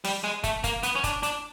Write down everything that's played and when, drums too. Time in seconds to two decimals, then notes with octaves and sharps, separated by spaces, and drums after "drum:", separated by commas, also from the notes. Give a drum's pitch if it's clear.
0.05 G3, drum: open hi-hat
0.24 G#3
0.44 A3, drum: kick, hi-hat
0.64 A#3, drum: kick, hi-hat
0.83 B3, drum: hi-hat
0.95 C#4
1.04 D4, drum: kick, hi-hat
1.23 D4, drum: hi-hat